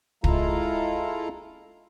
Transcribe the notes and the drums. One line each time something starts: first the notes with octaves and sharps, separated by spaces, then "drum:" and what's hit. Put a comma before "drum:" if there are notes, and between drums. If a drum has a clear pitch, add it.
G#3 E4 F4 A4 F5 A#5, drum: kick